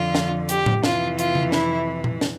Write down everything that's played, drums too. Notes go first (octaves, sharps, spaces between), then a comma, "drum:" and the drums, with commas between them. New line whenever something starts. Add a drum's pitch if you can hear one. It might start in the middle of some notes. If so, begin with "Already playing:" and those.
Already playing: F2 D3 F3 F4
drum: snare
G4, drum: hi-hat
drum: tom A2
F2 C3 E3 F4, drum: snare
F4, drum: hi-hat
drum: tom C#3
E4, drum: snare
drum: tom A#2
drum: snare